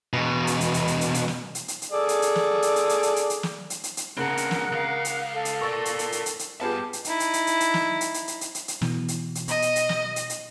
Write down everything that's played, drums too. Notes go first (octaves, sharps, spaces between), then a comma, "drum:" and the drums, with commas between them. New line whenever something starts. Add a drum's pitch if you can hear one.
E2 B2
drum: hi-hat
drum: hi-hat
drum: hi-hat
drum: hi-hat
drum: hi-hat
drum: hi-hat
drum: snare
drum: hi-hat
drum: hi-hat
drum: hi-hat
G#4 A4 D5
drum: hi-hat
drum: hi-hat
drum: snare
drum: hi-hat
drum: hi-hat
drum: hi-hat
drum: hi-hat
drum: hi-hat
drum: hi-hat
drum: snare
drum: hi-hat
drum: hi-hat
drum: hi-hat
C#3 C4 D4 A#4 F#5 F#6
drum: hi-hat
drum: snare
C#2 F5
drum: hi-hat
A4
drum: hi-hat
A#4 D5 C#6 E6 A6
drum: hi-hat
drum: hi-hat
drum: hi-hat
drum: hi-hat
drum: hi-hat
G2 B3 F4 G4 G#4 A5
drum: hi-hat
D#4 E4, drum: hi-hat
drum: hi-hat
drum: hi-hat
drum: hi-hat
drum: hi-hat
drum: snare
drum: hi-hat
drum: hi-hat
drum: hi-hat
drum: hi-hat
drum: hi-hat
drum: hi-hat
B2 E3, drum: snare
drum: hi-hat
drum: hi-hat
B2 D#5, drum: hi-hat
drum: hi-hat
drum: hi-hat
drum: snare
drum: hi-hat
drum: hi-hat